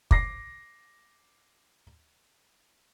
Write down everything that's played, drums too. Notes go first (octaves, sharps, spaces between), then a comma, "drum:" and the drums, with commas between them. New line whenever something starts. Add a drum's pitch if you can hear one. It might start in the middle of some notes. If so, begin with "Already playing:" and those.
D6 A#6 C7, drum: kick